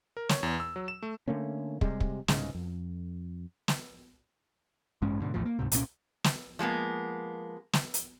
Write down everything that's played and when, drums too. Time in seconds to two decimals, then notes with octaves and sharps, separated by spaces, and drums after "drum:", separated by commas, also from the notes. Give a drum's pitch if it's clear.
0.17 A#4
0.29 C#5, drum: snare
0.43 E2
0.60 E6
0.76 F#3
0.88 E7
1.03 A3
1.28 D3 A3 A#3 C#4
1.81 C3 G3 G#3, drum: kick
2.00 drum: kick
2.28 C2 G#2 C#3 G#3, drum: snare
2.55 F2
3.68 drum: snare
5.02 A1 G2 G#3 C#4
5.22 G#2 B2 D3
5.34 A#1 E2 A2 F3
5.45 A#3
5.59 D2 G#2 C3
5.72 C2 A#2 G#3 C#4, drum: hi-hat
6.24 drum: snare
6.59 F3 G#3 A#3 B3
7.73 drum: snare
7.94 drum: hi-hat